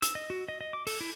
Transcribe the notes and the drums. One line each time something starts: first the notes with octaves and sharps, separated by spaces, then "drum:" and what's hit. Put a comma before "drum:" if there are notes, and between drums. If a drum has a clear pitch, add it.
E6, drum: hi-hat
D#5
F#4
D#5
D#5
D6
A4, drum: open hi-hat
E4